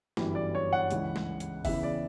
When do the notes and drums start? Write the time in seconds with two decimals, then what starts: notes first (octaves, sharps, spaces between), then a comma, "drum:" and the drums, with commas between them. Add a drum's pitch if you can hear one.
0.17 G1 F#2 E3 G3, drum: snare
0.35 D5
0.55 C#5
0.73 F#5
0.91 C#2 C#3 E3, drum: hi-hat
1.16 drum: snare
1.40 drum: hi-hat
1.65 E2 C#3 E3 E5, drum: kick G1, open hi-hat
1.83 D5